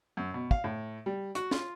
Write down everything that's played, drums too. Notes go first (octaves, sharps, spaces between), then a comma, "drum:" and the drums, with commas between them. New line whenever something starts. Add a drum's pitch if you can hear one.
F#2
B2
F5, drum: kick
A2
G3
F#4, drum: hi-hat
F4, drum: snare